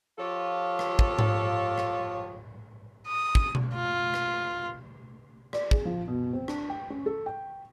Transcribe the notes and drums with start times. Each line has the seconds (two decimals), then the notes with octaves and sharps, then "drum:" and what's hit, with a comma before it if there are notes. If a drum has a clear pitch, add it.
0.18 F3 F4 G4 A4 C#5
0.79 drum: rim click
0.99 drum: kick
1.19 drum: tom G#2
1.78 drum: rim click
3.07 D#6
3.35 drum: kick
3.55 drum: tom B2
3.75 F4
4.14 drum: rim click
5.53 D5, drum: rim click
5.71 G#4, drum: kick
5.85 F3
6.08 B2
6.33 C4
6.48 D4, drum: rim click
6.70 G5
6.90 C#4
7.06 A4
7.26 G5